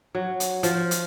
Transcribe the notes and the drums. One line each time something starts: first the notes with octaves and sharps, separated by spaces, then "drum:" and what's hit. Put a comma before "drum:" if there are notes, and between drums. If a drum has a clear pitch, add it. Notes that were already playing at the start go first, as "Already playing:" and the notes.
F#3
drum: hi-hat
F3, drum: hi-hat
drum: hi-hat